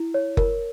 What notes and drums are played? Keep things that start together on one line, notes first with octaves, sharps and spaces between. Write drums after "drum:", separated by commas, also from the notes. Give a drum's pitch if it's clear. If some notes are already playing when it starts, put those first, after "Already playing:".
Already playing: E4
C#5
A#4, drum: kick F#1